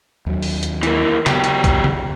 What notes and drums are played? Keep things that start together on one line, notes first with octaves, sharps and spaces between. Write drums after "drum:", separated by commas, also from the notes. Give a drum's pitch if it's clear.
D#2 F#3
drum: open hi-hat
drum: hi-hat
E3 A#3, drum: hi-hat
C#3 F#3 B3 G4, drum: clap
drum: hi-hat
drum: kick B1, hi-hat
drum: tom C#3